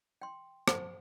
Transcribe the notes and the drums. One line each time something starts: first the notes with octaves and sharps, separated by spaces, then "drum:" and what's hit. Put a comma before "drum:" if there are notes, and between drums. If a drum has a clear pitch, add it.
G5 C6
C5, drum: rim click